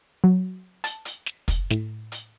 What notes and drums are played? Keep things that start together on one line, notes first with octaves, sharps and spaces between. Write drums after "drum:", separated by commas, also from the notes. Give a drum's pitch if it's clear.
F#3
A5, drum: hi-hat
drum: hi-hat
drum: snare
drum: kick, hi-hat
A2, drum: snare
drum: hi-hat